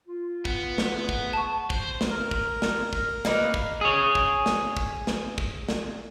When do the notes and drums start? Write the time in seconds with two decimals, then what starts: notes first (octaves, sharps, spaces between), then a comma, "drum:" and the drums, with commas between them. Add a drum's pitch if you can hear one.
0.08 F4
0.45 B3, drum: kick
0.78 drum: snare
0.88 A3 G#4 F#5
1.09 drum: kick
1.33 A5 C#6
1.70 C5, drum: kick
2.01 drum: snare
2.11 A#4
2.31 drum: kick
2.62 drum: snare
2.93 drum: kick
3.25 A#3 D#4 B4, drum: snare
3.54 drum: kick
3.81 G#4 C#5
4.15 drum: kick
4.46 drum: snare
4.77 drum: kick
5.07 drum: snare
5.38 drum: kick
5.69 drum: snare